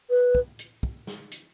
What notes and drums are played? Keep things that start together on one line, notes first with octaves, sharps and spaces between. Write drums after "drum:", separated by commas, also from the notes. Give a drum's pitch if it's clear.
B4
drum: kick
drum: hi-hat
drum: kick
drum: snare
drum: hi-hat